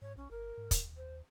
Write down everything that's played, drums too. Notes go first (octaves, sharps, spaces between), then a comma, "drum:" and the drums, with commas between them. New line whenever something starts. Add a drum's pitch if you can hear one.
G#2 C#5
B1 C#4
G1 A#4
G#2
D#2, drum: kick, hi-hat
C5